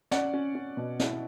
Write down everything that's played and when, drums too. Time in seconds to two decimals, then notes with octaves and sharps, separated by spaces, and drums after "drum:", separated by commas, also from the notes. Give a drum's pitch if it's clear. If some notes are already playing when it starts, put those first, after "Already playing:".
0.11 C#4 D5 F#5, drum: snare
0.34 C#4
0.55 C#4
0.77 B2
1.00 E4, drum: snare